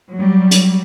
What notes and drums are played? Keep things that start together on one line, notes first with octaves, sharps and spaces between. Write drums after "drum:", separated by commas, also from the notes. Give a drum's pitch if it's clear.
F#3 G3
drum: hi-hat